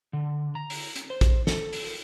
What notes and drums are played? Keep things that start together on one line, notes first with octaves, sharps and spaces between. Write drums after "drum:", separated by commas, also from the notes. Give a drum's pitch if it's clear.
D3
A#5
drum: open hi-hat
drum: hi-hat
C5
drum: kick A#1, hi-hat
A4, drum: snare
drum: open hi-hat